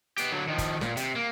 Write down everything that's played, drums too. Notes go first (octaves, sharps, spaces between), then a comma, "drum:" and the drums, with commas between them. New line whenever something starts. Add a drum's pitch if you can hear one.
B3 G4, drum: hi-hat
D3 F#3
D#3 F3
drum: kick, hi-hat
A#2, drum: snare
C3, drum: hi-hat
A#3